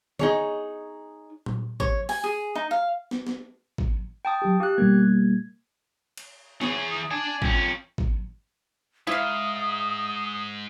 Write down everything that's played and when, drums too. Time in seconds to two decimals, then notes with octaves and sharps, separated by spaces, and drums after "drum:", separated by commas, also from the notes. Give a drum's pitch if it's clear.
0.19 D#4 G#4 C#5, drum: tom D3
1.46 drum: tom A#2
1.80 C#5, drum: kick G#1
2.09 G#5, drum: open hi-hat
2.24 G#4
2.55 D#4
2.71 F5
3.11 drum: snare
3.27 drum: snare
3.78 drum: kick G#1
4.25 G5 A5 D#6
4.42 F#3 G4
4.60 G4 F5 D#6 F#6
4.78 B2 G3 A#3 G#6
6.17 drum: cymbal
6.61 E3 G#4 C#5, drum: snare
6.91 D#6
7.11 D5 G#5 A5
7.42 F2 C#4, drum: kick G#1
7.98 drum: kick G#1
9.07 G#2 E4 F5 D#6